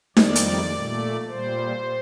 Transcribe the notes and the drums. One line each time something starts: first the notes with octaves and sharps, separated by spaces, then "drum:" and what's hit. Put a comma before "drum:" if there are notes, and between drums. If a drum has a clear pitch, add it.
F2 D#3 G3 D5, drum: snare D#4
drum: hi-hat
A#2 A3
A#2 G3 C5